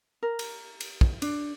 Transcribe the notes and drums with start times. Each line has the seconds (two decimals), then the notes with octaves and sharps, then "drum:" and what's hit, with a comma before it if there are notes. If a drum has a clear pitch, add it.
0.23 A#4
0.39 drum: cymbal
0.80 drum: cymbal
1.01 drum: kick
1.22 D4, drum: cymbal